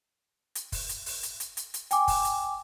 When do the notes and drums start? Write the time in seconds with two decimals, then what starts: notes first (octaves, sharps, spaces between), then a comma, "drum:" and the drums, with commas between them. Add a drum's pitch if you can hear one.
0.55 drum: hi-hat
0.72 drum: kick, open hi-hat
0.89 drum: hi-hat
1.06 drum: open hi-hat
1.23 drum: hi-hat
1.40 drum: hi-hat
1.57 drum: hi-hat
1.74 drum: hi-hat
1.91 G5 G#5 D6, drum: hi-hat
2.08 drum: kick, open hi-hat
2.25 drum: hi-hat